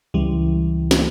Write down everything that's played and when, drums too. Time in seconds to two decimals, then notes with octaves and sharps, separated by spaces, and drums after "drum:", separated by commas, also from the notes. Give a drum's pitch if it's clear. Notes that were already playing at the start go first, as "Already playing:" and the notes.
0.14 C#2 E3 G3
0.91 drum: snare